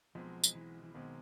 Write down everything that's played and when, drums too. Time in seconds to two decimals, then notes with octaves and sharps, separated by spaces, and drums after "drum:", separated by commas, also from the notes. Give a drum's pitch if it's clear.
0.15 B1 B2 F3 G#3 C4
0.44 drum: tambourine
0.55 E3
0.83 E3
0.94 B1 B2 D#3 G#3 C4